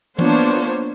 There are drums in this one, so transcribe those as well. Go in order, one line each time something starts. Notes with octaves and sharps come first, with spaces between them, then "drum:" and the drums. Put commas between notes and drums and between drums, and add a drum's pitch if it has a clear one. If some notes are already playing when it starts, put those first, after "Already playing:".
A#3 B3 D4 F4 C5 C#5, drum: tom E3